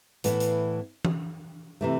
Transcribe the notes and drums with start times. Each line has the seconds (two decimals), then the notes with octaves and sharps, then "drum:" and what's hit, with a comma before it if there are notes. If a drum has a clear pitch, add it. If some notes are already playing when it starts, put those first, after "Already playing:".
0.24 A2 E3 B3, drum: hi-hat
0.40 drum: hi-hat
1.05 drum: tom E3
1.81 C3 E3 A3